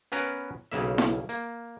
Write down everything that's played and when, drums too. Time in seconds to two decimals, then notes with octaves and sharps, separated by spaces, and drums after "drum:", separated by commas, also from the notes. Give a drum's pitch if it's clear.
0.12 B3 C#4 A#4 B4 A#5
0.72 B1 C#3 A#3 E5
0.98 drum: snare E4
1.29 A#3